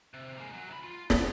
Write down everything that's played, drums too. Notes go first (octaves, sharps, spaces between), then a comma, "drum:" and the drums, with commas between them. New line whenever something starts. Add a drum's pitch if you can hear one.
C3
G#3 A#3
F#3
D2 B5
F4
B3, drum: snare